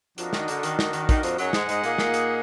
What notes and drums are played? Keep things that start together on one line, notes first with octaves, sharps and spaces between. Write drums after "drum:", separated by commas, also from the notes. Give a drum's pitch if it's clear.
F2 F3 D4 F#4 A#4 D#5, drum: hi-hat
D#3, drum: snare
D3, drum: hi-hat
D#3, drum: hi-hat
D#3, drum: snare
D#3, drum: hi-hat
D#3, drum: kick, hi-hat
F2 F3, drum: hi-hat
F#2 F#3 D#4 G#4 D#5 F#5, drum: hi-hat
G#2 G#3, drum: snare
G#2 G#3, drum: hi-hat
A#2 A#3, drum: hi-hat
A#2 A#3, drum: snare
drum: hi-hat